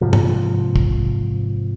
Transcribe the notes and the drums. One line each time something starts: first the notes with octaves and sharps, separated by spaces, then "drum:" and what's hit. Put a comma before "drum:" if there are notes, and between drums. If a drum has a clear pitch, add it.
G#2 C3 F3
drum: tom
drum: kick